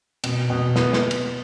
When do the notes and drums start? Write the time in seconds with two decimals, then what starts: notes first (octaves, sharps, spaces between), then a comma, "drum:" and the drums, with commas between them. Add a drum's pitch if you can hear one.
0.24 B2, drum: cymbal
0.50 B2
0.76 B3, drum: snare
0.93 drum: snare
1.11 drum: cymbal